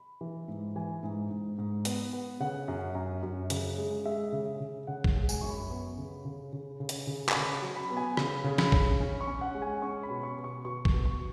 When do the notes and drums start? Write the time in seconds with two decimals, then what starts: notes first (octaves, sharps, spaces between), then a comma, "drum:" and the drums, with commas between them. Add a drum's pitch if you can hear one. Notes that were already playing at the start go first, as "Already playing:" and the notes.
Already playing: B5
0.21 E3
0.48 G#2
0.76 E3 G#5
1.03 G#2
1.30 G#2
1.58 G#2
1.85 B3, drum: hi-hat
2.13 B3
2.40 C#3 F#5
2.68 F#2
2.95 F#2
3.23 F#2
3.50 C#3, drum: hi-hat
3.78 G#3
4.05 G#3 E5
4.32 C#3
4.60 C#3
4.87 C#3 F#5
5.04 drum: kick A#1
5.16 G#3
5.29 G#5, drum: tambourine
5.41 F#2 C#6
5.50 B5
5.70 B3
5.98 C#3
6.25 C#3
6.53 C#3
6.80 C#3
6.89 drum: hi-hat
7.07 C#3
7.29 G#5, drum: clap
7.35 C#3 B5
7.62 F#3
7.76 B5
7.90 B3
7.97 G#5
8.17 C#3 B5, drum: rim click
8.44 C#3
8.58 B5, drum: snare
8.72 C#3, drum: kick A#1
9.00 C#4
9.21 C#6
9.27 C#4
9.41 F#5
9.55 G#3
9.62 G#5
9.82 C#4 C#6
10.03 B5
10.10 B2
10.23 C#6
10.37 B2
10.44 C#6
10.65 B2 C#6
10.85 C#6, drum: kick A#1
10.92 B2
11.05 C#6